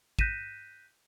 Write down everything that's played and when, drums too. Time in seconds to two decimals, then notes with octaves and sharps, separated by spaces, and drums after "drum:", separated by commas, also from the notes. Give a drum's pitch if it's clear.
0.19 F#6 G6 A#6 B6 D#7 E7, drum: kick